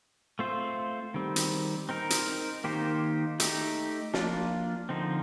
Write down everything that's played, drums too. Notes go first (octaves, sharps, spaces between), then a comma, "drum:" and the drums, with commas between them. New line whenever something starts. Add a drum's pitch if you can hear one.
A3 C4 F4 C5
D#3 G3 C4
drum: hi-hat
C4 D#4 A#4
drum: hi-hat
D#3 A#3 D#4 G4 C5
A3 D#4 G4, drum: hi-hat
F3 A#3 D4 F4, drum: snare
D3 F3 C4 D#4